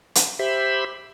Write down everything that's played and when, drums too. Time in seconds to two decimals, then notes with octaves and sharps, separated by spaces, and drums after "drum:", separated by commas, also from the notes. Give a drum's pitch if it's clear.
0.15 drum: hi-hat
0.39 G4 C5 E5 B5